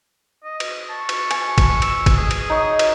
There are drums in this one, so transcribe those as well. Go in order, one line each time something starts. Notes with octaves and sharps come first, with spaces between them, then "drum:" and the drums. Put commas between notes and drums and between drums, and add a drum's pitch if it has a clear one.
D#5
drum: cymbal
A5 C#6
drum: cymbal
G#5, drum: cymbal
drum: kick, cymbal
E6, drum: cymbal
drum: kick, cymbal
G#4 D#6
drum: cymbal
D#4 C#5
drum: cymbal